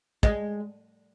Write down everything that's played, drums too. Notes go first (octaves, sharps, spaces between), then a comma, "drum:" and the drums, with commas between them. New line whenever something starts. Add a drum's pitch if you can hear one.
G#3, drum: kick